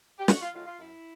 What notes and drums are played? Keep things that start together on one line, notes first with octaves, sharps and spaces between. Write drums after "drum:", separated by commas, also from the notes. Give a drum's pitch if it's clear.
G4
F#2 F#4, drum: snare
F4
D#3 F#3 A3 F4
F4
F#2 E4